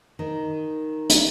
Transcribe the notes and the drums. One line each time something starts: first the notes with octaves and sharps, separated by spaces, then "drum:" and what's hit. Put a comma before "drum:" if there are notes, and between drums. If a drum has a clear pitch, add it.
D#3
drum: hi-hat